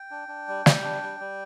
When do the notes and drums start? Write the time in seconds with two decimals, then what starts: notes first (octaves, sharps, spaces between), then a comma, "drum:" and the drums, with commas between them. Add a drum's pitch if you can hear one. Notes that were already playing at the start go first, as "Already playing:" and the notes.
Already playing: G5
0.11 D4
0.28 D4
0.48 G3
0.66 G3, drum: snare
0.83 D4
1.02 G3
1.20 G3